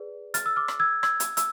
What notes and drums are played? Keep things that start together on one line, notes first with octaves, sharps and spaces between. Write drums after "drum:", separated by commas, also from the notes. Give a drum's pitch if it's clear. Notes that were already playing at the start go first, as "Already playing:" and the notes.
Already playing: G#4 B4 D5
F6 A6, drum: hi-hat
E6
D6 F6
drum: rim click
E6 G#6
E6 G#6, drum: rim click
drum: hi-hat
E6, drum: hi-hat